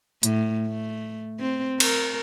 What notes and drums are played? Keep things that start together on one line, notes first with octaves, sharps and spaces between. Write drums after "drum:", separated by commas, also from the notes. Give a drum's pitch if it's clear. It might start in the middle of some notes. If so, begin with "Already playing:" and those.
A2, drum: hi-hat
A3
C4
A#4, drum: cymbal